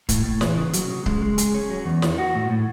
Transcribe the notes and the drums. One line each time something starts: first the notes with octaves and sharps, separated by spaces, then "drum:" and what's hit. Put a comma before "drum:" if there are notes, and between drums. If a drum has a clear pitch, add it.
A2, drum: kick C#1, hi-hat
A2
E3, drum: snare
C#3
F#3, drum: hi-hat
C#3
G#3, drum: kick C#1
G#3
G#4, drum: hi-hat
C#4
F#3
E2
D#3, drum: snare
F#4
A2
A2